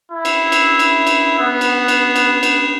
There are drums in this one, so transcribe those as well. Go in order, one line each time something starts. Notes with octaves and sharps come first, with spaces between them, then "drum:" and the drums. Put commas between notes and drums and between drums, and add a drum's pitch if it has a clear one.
E4
drum: cymbal
drum: cymbal
drum: cymbal
drum: cymbal
B3
drum: cymbal
drum: cymbal
drum: cymbal
drum: cymbal